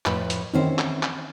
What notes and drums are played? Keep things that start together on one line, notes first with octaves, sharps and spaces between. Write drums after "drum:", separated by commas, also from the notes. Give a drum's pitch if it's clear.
F2 A2 B4, drum: clap
drum: hi-hat
D#3 E3 C4 C#4 D#4 C5
drum: clap
drum: clap